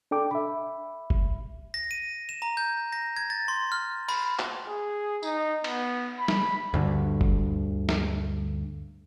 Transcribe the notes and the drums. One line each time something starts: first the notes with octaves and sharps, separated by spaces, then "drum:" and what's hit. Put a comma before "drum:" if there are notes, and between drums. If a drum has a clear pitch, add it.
D4 A4 G5 D6
E5 B5
drum: kick F#1
A#6
D#7
E7
A#5
G6
A#6
G#6
A6
C6
F6
B5, drum: open hi-hat
drum: clap
G#4
D#4, drum: tambourine
B3, drum: cymbal
B5
drum: snare
D2 G2 D3
drum: kick F#1
drum: snare